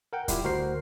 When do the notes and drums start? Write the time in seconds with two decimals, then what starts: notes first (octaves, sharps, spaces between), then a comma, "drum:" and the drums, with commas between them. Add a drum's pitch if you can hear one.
0.13 A#4 F#5 G5
0.28 G3 E4 F4 G4, drum: kick C#1, hi-hat
0.44 D2 F#4 A#4 C5 C7